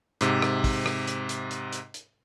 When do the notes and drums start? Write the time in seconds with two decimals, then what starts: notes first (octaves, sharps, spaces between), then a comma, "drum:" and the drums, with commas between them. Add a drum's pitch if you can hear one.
0.21 G#2 C3, drum: hi-hat
0.42 drum: rim click
0.64 drum: kick, open hi-hat
0.86 drum: rim click
1.07 drum: hi-hat
1.29 drum: hi-hat
1.51 drum: hi-hat
1.73 drum: hi-hat
1.94 drum: hi-hat